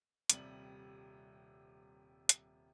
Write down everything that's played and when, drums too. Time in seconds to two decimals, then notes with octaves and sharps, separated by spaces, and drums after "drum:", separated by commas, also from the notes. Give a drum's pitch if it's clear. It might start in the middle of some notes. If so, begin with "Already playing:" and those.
0.30 D#1 C3 G3 F#7, drum: hi-hat
2.29 drum: hi-hat